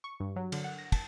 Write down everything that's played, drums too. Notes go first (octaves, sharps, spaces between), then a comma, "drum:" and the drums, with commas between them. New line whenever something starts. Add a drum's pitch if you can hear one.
C#6
G2
F#3
D3, drum: cymbal
F#5
A#6
A5, drum: kick, cymbal